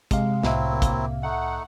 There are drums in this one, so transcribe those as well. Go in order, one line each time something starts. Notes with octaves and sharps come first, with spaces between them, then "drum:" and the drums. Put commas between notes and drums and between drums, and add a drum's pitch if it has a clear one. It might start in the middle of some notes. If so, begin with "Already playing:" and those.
C3 G#3 F5, drum: kick, hi-hat
C2 A2 F#3 C4 E4 E5, drum: snare
A#3
drum: kick, hi-hat
A3 D#4 F#5